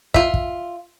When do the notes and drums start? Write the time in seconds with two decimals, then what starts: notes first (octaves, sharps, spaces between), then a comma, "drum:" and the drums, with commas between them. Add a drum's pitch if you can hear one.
0.14 F4 E5, drum: kick
0.34 drum: kick